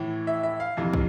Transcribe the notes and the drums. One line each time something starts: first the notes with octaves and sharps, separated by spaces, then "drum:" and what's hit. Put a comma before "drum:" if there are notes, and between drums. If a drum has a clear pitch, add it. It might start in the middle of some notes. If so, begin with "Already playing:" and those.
Already playing: A2 E3
E5
E5
F5
F2 C3 E3
drum: kick